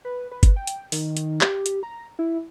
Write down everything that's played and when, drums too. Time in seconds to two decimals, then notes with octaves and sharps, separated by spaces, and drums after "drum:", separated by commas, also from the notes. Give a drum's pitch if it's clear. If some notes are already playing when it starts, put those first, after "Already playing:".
0.05 B4
0.31 B4
0.43 drum: kick G1, hi-hat
0.56 G5
0.67 drum: hi-hat
0.92 D#3, drum: open hi-hat
1.17 drum: hi-hat
1.41 G4, drum: clap
1.66 drum: hi-hat
1.83 A#5
2.19 E4